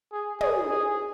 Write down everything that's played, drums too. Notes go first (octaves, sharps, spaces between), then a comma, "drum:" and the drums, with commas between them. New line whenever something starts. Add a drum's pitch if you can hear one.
G#4
G#4, drum: tom
G#4